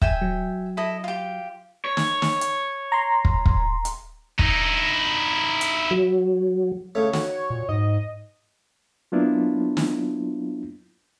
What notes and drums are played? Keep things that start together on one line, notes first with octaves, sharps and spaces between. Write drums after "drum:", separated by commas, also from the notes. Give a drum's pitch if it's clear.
E5 G5 G#5, drum: kick
F#3
E4 A4 D#5
F4 G4
C#5
drum: snare
drum: snare
drum: hi-hat
A#5 C6
drum: kick
drum: kick
drum: hi-hat
D#4 E4, drum: kick
drum: hi-hat
F#3
C#3 A3 C#5
F#4, drum: snare
A#2
G#2 D#5
F#3 A#3 B3 D4 E4 F4
drum: snare